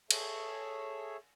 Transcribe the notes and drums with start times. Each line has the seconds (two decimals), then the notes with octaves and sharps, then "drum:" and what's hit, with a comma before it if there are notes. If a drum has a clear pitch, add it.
0.11 G#4 A4 C#5 E5, drum: cymbal